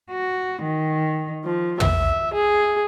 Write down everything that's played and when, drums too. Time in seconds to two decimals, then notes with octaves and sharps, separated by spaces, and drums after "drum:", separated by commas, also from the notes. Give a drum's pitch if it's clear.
0.10 F#4
0.64 D#3
1.44 F3
1.80 E5, drum: tom
2.33 G#4